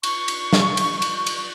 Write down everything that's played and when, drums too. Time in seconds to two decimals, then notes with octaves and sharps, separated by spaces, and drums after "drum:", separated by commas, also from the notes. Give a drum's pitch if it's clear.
0.03 C#6, drum: cymbal
0.28 drum: cymbal
0.53 drum: snare
0.77 drum: cymbal
1.02 drum: cymbal
1.27 drum: cymbal